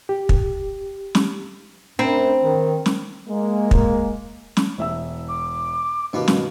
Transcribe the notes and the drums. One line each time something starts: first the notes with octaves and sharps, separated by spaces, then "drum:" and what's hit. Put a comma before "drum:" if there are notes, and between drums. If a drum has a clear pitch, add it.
G4
drum: kick
drum: snare
F#2 C4 D4 A#5 B5
D#3
drum: snare
G#3 A#3
drum: kick
drum: snare
E1 E5 E6
D6
G2 B2 D#3 B3 F5
drum: snare